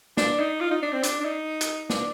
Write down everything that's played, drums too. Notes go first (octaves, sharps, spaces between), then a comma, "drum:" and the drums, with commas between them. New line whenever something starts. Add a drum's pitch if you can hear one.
D4, drum: snare
D#4
F4
D#4
D4
C4
D4, drum: hi-hat
D4
D#4
drum: hi-hat
D4, drum: snare